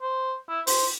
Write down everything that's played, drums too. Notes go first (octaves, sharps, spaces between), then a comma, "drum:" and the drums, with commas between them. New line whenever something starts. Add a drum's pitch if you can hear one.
C5
E4
C5, drum: open hi-hat